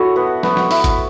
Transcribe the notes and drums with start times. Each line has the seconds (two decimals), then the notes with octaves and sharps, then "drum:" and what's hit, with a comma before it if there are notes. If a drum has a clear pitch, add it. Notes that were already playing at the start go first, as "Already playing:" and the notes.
Already playing: E4 F#4 A4 C#5
0.16 B3
0.43 B3, drum: snare
0.57 drum: snare
0.71 E4, drum: open hi-hat
0.84 drum: kick G1, hi-hat